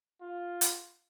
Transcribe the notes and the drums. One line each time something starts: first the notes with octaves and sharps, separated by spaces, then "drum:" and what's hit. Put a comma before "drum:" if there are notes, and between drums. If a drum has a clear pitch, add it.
F4
drum: hi-hat